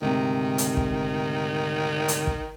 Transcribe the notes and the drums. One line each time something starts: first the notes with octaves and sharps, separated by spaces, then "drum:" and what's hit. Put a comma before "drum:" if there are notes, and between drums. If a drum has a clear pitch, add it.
D2 G#2 C3 D#3
drum: hi-hat
drum: kick
drum: hi-hat
drum: kick